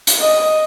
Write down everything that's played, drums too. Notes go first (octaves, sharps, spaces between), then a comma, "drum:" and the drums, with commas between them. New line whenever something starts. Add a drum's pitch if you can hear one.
drum: hi-hat
D#5